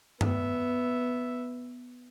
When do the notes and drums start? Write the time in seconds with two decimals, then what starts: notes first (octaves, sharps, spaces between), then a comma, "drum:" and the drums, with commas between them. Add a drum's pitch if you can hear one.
0.21 B3 E5, drum: tom G2